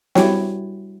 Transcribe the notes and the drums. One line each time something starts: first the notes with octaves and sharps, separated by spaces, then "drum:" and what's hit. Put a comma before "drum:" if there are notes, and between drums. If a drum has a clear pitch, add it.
G3 E4 F#4 C#5 G5, drum: snare